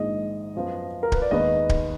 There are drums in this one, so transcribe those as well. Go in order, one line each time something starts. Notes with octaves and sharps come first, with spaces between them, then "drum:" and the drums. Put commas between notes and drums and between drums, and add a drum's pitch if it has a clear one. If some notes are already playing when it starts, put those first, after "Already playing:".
Already playing: A#1 G#2 D#3 G#3 D4 D#5
F#2 F3 B3
A#4
B4, drum: kick D1
D5
D#2 D#3 G#3 B3 D#4 D#5
drum: kick D1